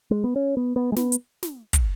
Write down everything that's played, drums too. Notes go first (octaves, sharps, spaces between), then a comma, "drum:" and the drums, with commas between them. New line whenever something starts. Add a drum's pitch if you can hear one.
G#3
B3
C#4
B3
B3
G#3
B3, drum: snare
drum: hi-hat
drum: snare
drum: kick, hi-hat